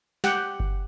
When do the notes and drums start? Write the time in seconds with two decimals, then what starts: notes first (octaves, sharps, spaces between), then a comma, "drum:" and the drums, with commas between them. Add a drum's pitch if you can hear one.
0.24 G4 F#5 G5, drum: snare
0.60 drum: kick F#1